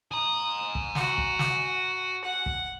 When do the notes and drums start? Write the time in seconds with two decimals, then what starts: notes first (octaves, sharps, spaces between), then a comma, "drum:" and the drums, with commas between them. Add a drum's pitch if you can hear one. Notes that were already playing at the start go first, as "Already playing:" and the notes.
0.12 G#5 A#5 D#6
0.75 drum: kick
0.95 F#4, drum: snare
1.18 drum: kick
1.39 drum: snare
2.25 F#5
2.46 drum: kick